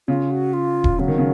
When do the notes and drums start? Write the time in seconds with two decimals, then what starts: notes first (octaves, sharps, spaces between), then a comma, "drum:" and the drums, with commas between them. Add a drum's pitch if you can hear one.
0.08 C#3 F4
0.31 F#4
0.54 F4
0.84 drum: kick D#1
0.99 C#3 F#3
1.08 D#3
1.18 C#3